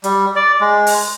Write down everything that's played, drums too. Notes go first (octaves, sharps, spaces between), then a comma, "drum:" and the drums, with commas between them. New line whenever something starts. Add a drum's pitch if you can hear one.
G3, drum: hi-hat
D5
G#3
drum: open hi-hat